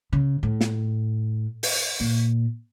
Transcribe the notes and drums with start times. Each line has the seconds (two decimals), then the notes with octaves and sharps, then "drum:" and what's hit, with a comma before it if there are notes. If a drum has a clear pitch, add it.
0.13 C#3
0.43 A2
0.61 drum: snare
1.63 drum: open hi-hat
2.00 A#2